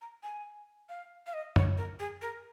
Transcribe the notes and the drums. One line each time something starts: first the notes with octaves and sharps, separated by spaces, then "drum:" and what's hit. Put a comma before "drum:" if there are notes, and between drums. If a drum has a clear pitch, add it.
A#5
G#5
F5
F5
D#5
C#5, drum: tom F#2
A#4
G#4
A#4